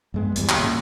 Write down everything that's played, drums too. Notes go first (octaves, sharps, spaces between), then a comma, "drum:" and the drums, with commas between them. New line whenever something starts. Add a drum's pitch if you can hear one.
G2 G#3 B3
D#1 E2 G3, drum: hi-hat
drum: clap
A#2 C#3